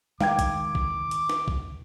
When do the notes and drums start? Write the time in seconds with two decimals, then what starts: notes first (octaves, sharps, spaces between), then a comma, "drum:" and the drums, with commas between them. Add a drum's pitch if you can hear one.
0.21 D#3 G#3 F5 G5 D6 G#6, drum: snare
0.39 drum: kick B1, hi-hat
0.75 drum: kick B1
1.11 drum: hi-hat
1.29 drum: snare
1.48 drum: kick B1